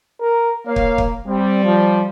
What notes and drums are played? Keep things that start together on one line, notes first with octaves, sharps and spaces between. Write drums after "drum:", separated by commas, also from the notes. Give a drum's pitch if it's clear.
A#4
A#3 C#5 F5
drum: kick
drum: kick
G3 C4
F3